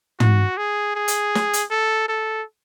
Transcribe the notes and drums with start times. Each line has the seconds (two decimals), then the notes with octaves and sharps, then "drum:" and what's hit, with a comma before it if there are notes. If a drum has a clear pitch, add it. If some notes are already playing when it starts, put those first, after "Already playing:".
0.20 F#4, drum: tom
0.58 G#4
0.95 G#4
1.08 drum: hi-hat
1.35 drum: snare
1.53 drum: hi-hat
1.71 A4
2.09 A4